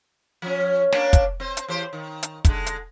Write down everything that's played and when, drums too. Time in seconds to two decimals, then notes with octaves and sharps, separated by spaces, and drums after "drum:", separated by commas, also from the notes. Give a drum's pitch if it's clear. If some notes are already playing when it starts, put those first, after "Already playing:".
0.42 F3 C#4
0.92 A#3 C#4 D4, drum: snare
1.13 drum: kick, hi-hat
1.40 C4 C5
1.57 drum: hi-hat
1.68 E2 G4 C5
1.93 D#3
2.23 drum: hi-hat
2.45 D3 G#3, drum: kick, hi-hat
2.66 drum: hi-hat